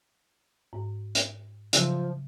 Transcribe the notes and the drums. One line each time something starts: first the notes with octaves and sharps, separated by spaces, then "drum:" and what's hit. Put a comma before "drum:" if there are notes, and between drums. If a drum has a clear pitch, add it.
G#2
drum: hi-hat
C#3 F3 F#3 E6, drum: hi-hat